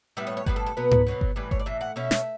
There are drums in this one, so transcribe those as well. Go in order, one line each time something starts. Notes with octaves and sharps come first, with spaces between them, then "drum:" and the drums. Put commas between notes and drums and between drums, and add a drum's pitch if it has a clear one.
A2 G3 B3 E5
C#5
C#5
A2 G3 B3 B4, drum: kick G1
A4
A4
B2 F#3 B3 B4
drum: tom G#2
B2 F#3 B3
drum: kick G1
A2 E3 G3 B4
C#5, drum: kick G1
D5
A2 E3 E5
F#5
B2 A3 C#4 E5
drum: snare